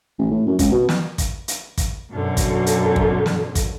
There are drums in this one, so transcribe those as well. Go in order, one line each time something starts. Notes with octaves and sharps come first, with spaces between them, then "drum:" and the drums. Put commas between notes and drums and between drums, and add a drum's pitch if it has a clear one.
A1
A2
F#2
C#2, drum: kick, hi-hat
B2
drum: snare
drum: kick, hi-hat
drum: hi-hat
drum: kick, hi-hat
F#2 B2 D3
drum: kick, hi-hat
drum: hi-hat
drum: kick
drum: snare
drum: kick, hi-hat